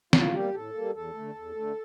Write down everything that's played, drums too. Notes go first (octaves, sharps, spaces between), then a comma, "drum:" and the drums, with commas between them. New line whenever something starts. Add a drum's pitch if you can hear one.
A2 F4, drum: snare
G3 A#3 G4
A2 A4
G3 A#3
E2 A4
D3 A3
E2
D3 A3